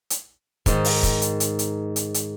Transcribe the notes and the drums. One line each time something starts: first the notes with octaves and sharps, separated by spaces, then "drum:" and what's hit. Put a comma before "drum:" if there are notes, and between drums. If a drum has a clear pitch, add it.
drum: hi-hat
G#2 D#3, drum: kick, hi-hat
drum: open hi-hat
drum: kick, hi-hat
drum: hi-hat
drum: hi-hat
drum: hi-hat
drum: hi-hat
drum: hi-hat